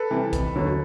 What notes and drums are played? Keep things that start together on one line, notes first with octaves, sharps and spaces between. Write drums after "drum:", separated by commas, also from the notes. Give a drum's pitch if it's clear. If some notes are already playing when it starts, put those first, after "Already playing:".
Already playing: A4 B4
C3 E3 G3
F1, drum: kick, hi-hat
D#2 D3 F#3